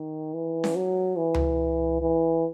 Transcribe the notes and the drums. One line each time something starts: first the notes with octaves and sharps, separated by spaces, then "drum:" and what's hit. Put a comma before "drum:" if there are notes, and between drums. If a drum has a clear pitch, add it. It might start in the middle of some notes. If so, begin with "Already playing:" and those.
Already playing: D#3
E3
drum: snare C#4
F#3
E3
drum: tom C#2
E3